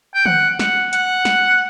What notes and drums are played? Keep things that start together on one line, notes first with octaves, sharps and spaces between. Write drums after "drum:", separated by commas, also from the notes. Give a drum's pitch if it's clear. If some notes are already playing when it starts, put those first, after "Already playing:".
G5
F#5, drum: tom
F#5, drum: snare
F#5, drum: hi-hat
drum: snare